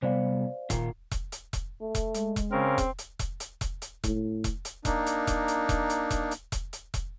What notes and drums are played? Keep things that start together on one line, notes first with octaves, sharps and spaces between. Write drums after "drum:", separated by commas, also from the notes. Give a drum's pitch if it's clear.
C3 G3 B3 C5 D5 F5
A#2 D#3 F4, drum: kick E1, hi-hat
drum: kick E1, hi-hat
drum: hi-hat
drum: kick E1, hi-hat
A3
drum: kick E1, hi-hat
G#3, drum: hi-hat
drum: kick E1, hi-hat
C#3 C4 C#4 A#4
drum: kick E1, hi-hat
drum: hi-hat
drum: kick E1, hi-hat
drum: hi-hat
drum: kick E1, hi-hat
drum: hi-hat
A2, drum: kick E1, hi-hat
drum: kick E1, hi-hat
drum: hi-hat
A#3 D4 D#4, drum: kick E1, hi-hat
drum: hi-hat
drum: kick E1, hi-hat
drum: hi-hat
drum: kick E1, hi-hat
drum: hi-hat
drum: kick E1, hi-hat
drum: hi-hat
drum: kick E1, hi-hat
drum: hi-hat
drum: kick E1, hi-hat